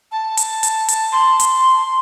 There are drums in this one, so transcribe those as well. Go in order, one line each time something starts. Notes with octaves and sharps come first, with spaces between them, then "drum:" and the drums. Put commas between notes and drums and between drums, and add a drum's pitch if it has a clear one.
A5
drum: hi-hat
drum: hi-hat
drum: hi-hat
C6
drum: hi-hat